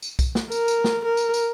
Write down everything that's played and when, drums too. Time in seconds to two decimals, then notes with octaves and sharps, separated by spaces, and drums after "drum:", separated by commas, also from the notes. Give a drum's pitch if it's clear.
0.02 drum: tambourine
0.19 drum: kick B1, tambourine
0.35 drum: snare
0.52 A#4, drum: tambourine
0.68 drum: tambourine
0.84 drum: snare
1.05 A#4
1.17 drum: tambourine
1.34 drum: tambourine